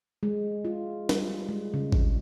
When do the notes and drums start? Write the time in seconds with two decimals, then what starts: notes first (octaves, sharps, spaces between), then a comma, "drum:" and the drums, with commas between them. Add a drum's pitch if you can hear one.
0.23 G#3
0.65 F4
1.09 G3, drum: snare
1.49 G#3
1.74 C#3
1.92 drum: kick G#1